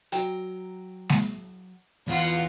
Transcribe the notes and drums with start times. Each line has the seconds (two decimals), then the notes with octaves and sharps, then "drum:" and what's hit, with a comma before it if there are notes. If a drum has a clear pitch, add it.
0.12 F#3 G5 A#5, drum: hi-hat
1.09 drum: snare G#3
2.07 E2 F4 F#5